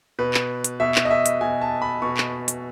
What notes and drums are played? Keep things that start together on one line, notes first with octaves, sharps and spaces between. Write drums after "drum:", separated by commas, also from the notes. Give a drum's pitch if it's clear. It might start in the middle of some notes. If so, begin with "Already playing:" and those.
B2 B4
drum: clap
drum: hi-hat
B2 E5
drum: clap
D#5
E5
drum: hi-hat
B2 G#5
A5
B5
B2 C#6
drum: clap
drum: hi-hat